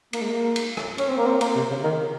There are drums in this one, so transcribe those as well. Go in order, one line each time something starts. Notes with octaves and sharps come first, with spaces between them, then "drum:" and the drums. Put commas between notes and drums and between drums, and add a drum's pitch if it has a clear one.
A#3, drum: cymbal
G#3
A#3
drum: cymbal
drum: rim click
C#4, drum: cymbal
C4
A#3
C4
A#3, drum: cymbal
C3
C#3
D#3